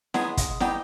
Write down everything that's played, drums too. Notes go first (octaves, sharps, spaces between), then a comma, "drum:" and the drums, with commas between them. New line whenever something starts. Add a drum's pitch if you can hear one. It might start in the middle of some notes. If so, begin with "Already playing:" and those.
F#3 G#3 B3 D#4 G#4, drum: snare E4
drum: kick, hi-hat
F#3 G3 B3 D#4 G4, drum: snare E4